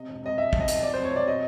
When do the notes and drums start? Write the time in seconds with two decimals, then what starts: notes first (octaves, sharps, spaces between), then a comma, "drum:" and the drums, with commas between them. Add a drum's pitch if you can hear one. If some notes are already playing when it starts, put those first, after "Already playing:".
Already playing: C3 D#5
0.09 E1
0.23 C3 D#5
0.38 B1 E5
0.53 B1, drum: kick
0.60 D#5
0.68 B1, drum: hi-hat
0.83 C3 D5
0.94 C5
0.98 F2
1.04 C#5
1.12 C3 D5
1.26 B2 D#5